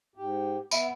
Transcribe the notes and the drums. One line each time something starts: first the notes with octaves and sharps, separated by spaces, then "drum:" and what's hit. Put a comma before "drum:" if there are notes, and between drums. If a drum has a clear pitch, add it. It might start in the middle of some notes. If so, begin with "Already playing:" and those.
G#2 G4
B3 E5 B5, drum: tambourine